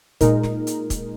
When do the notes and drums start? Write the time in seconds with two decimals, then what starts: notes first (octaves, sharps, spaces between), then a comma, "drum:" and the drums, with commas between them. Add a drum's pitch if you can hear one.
0.21 A#2 G#3 D#4 A#4, drum: kick, hi-hat
0.43 drum: snare
0.67 drum: hi-hat
0.90 drum: kick, hi-hat